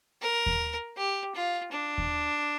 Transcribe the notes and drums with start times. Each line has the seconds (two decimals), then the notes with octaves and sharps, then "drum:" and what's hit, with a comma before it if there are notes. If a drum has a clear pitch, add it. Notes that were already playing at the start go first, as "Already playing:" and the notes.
0.22 A#4
0.46 drum: kick D#2
0.97 G4
1.35 F4
1.72 D4
1.98 drum: kick D#2